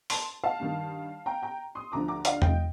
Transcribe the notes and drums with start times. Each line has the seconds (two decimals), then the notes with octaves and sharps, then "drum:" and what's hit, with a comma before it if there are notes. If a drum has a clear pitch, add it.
0.10 A5 C6, drum: open hi-hat
0.44 F5 A5
0.60 G2 D#3
1.26 G5 A#5
1.42 G5 A#5
1.75 C6 D#6
1.92 D2 D3 F3 A#5 D6
2.08 A#5 D6
2.25 D5 F5, drum: hi-hat
2.42 D#5 G5, drum: tom E2